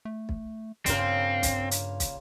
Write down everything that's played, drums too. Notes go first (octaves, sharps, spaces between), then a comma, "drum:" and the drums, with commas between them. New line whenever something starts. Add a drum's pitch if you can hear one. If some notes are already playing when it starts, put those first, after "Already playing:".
A3
drum: kick
G2 A#2 C#3 C4 A#4, drum: kick, hi-hat
drum: kick, hi-hat
drum: hi-hat
drum: kick, hi-hat